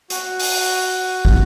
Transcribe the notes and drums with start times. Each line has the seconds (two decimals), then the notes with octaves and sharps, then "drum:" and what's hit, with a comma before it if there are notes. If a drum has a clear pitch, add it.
0.10 F#4, drum: hi-hat
0.39 drum: open hi-hat
1.25 drum: kick